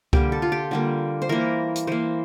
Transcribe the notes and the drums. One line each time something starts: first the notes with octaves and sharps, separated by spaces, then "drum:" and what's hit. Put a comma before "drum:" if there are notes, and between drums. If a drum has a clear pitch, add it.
D3 G3 A#3 G4, drum: kick C#2
A4
F4
G4
D3 G3 A#3
C5
E3 A#3 A#4
drum: hi-hat
E3 A#3 C5